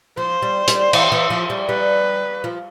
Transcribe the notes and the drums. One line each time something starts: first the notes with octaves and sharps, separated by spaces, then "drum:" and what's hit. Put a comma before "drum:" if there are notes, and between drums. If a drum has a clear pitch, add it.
F3 C5
G3
G3, drum: hi-hat
E3, drum: cymbal
E3
F3
G3
G3 B4
F3